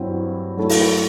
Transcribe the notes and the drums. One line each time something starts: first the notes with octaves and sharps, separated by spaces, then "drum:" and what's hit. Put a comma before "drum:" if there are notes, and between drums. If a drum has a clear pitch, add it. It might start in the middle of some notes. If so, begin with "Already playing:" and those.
Already playing: G2 F#3 C4 E4
F#3 A3 E4 A4
drum: open hi-hat